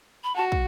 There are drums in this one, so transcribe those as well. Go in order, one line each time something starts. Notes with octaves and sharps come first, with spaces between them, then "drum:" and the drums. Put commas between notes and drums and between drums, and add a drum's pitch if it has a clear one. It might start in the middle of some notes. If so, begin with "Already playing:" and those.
B5
F#4 A5
drum: kick